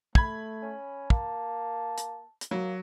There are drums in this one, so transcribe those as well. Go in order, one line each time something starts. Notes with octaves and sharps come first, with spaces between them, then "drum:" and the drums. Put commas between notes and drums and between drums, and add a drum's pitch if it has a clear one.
A3 B5 G#6, drum: kick
C#4
A#3 A5, drum: kick
drum: hi-hat
drum: hi-hat
F#3 A#3